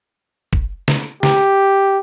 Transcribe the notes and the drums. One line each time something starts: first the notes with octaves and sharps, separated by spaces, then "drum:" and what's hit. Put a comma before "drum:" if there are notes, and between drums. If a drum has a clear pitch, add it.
drum: kick
drum: snare
G4, drum: snare